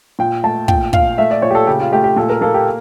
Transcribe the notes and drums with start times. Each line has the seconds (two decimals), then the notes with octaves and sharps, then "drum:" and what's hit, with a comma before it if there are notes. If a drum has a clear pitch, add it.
0.19 A#2 G5
0.44 A3 A5
0.68 A#2 G5, drum: kick
0.93 A#2 F5, drum: kick
1.18 A3 E5
1.31 D5
1.42 A#2 C#5
1.51 G4
1.55 A4
1.67 C#3 G4
1.80 F4
1.92 A3 G4
2.04 G4
2.16 A#2 A4
2.29 A#4
2.41 A#3 A4
2.54 G4